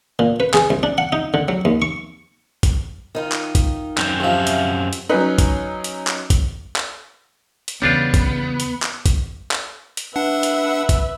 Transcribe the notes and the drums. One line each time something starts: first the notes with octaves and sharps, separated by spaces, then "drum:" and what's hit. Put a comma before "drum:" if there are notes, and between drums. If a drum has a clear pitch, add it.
A#2
B4
G#4, drum: clap
C2
D4
F#5
D#4
D3
F#3
D#2
C#6
drum: kick, hi-hat
D#3 D#4 F4
drum: clap
drum: kick, hi-hat
F#2 C4, drum: clap
C3 F3 E5 F5
drum: hi-hat
drum: hi-hat
F#3 C#4 D#4 B4
drum: kick, hi-hat
drum: hi-hat
drum: clap
drum: kick, hi-hat
drum: clap
drum: hi-hat
E2 C#3 G3 B3 C#4 D4 F4
drum: kick, hi-hat
drum: hi-hat
drum: clap
drum: kick, hi-hat
drum: clap
drum: hi-hat
D4 B4 E5 F#5
drum: hi-hat
drum: kick, hi-hat